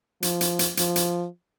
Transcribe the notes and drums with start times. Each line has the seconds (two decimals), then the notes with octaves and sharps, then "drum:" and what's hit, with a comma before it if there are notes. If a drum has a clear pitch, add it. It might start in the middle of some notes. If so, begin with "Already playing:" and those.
0.23 F3, drum: hi-hat
0.41 drum: hi-hat
0.59 drum: hi-hat
0.77 F3, drum: hi-hat
0.96 drum: hi-hat